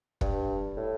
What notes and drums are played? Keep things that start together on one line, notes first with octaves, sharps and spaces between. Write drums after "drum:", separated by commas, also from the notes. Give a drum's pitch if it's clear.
G2, drum: kick
A2